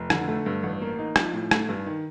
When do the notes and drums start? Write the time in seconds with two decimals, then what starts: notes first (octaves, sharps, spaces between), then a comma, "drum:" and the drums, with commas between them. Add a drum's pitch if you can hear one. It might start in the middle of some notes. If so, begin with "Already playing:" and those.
Already playing: F1
0.10 D3, drum: rim click
0.28 A3
0.46 G2
0.63 A1
0.81 A#3
0.99 D#4
1.16 F3, drum: rim click
1.33 A2
1.51 A3, drum: rim click
1.69 G2
1.86 D#3